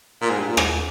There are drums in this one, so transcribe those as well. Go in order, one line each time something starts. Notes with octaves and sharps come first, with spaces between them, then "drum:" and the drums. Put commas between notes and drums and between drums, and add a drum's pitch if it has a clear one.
A#2
G#2
G2
A#2
G#2, drum: rim click